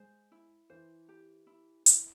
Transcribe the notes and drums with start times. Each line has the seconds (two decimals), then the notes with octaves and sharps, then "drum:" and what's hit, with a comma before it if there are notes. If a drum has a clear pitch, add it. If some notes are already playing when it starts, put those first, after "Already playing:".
Already playing: G#3 C5
0.32 E4
0.70 E3 C5
1.08 G4
1.47 E4
1.86 E4, drum: hi-hat